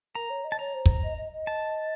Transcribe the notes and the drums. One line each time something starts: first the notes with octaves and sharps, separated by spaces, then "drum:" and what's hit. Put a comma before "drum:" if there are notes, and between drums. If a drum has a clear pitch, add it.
A#4 A#5
C#5
D#5
A5
C#5 A#5
C5
drum: kick
D#5
D#5
D#5
A5